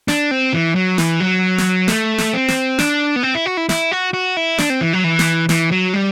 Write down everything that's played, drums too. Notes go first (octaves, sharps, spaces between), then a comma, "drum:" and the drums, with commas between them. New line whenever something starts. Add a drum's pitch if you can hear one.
D4, drum: snare
C4
E3
F#3
E3, drum: snare
F#3
drum: snare
A3, drum: snare
drum: snare
C4
drum: snare
D4, drum: snare
B3
C4
E4
F#4
E4
E4, drum: snare
F#4
F#4
E4
D4, drum: snare
C4
E3
F#3
E3
drum: snare
E3, drum: snare
F#3
G3